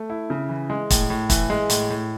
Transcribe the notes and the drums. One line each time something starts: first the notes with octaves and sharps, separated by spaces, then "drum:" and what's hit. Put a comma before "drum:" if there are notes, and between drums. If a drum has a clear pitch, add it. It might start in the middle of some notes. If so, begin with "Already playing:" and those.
Already playing: A3
E4
C#3
E3
G#3
A2, drum: kick, hi-hat
A2
E3, drum: kick, hi-hat
G#3
A2, drum: hi-hat
A2